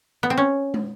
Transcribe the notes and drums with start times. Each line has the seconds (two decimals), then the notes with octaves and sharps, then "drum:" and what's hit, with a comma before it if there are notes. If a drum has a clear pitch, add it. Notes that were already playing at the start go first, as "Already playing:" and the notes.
0.23 B3
0.30 C4
0.37 C#4
0.74 drum: tom